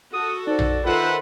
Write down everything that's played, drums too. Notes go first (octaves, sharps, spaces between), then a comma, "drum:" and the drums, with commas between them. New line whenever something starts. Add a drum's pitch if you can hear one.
F#4 A4 D#6
D#4 C5 D5
drum: tom A#1
D#3 F4 A4 B4 C5 E5 F#5 F#6